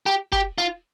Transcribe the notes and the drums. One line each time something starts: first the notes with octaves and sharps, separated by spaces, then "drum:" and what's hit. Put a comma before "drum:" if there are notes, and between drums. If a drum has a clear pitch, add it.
G4
G4, drum: kick
F4